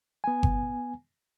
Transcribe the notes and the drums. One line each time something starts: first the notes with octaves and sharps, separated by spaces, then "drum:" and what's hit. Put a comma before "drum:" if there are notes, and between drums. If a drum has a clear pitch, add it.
B3 G#5
drum: kick G1